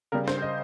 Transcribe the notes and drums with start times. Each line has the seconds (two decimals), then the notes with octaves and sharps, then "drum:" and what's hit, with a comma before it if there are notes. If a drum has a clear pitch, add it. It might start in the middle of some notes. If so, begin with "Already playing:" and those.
0.12 C#3 G3 A#4
0.28 C5, drum: snare
0.42 D#5